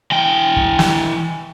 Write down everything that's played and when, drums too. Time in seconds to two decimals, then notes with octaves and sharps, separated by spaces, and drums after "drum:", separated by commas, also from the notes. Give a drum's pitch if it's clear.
0.11 E3 G5
0.56 drum: kick
0.79 drum: snare